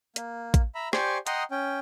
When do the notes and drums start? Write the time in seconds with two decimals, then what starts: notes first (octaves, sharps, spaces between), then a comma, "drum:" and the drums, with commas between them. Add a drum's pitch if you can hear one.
0.16 A#3, drum: hi-hat
0.54 drum: kick A1, hi-hat
0.75 E5 A#5 B5
0.93 G4 C5 D5 G#5 C6 C#6, drum: rim click
1.27 D#5 F#5 G5 A#5 C6 D#6, drum: hi-hat
1.51 C#4 G5